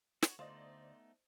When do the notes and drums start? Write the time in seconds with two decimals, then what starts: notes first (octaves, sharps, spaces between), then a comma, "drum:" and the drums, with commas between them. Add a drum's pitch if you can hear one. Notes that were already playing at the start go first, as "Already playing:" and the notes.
0.22 F#4 C#5, drum: snare
0.39 D2 A3 B3 D#4 F4 C5 D5 D#5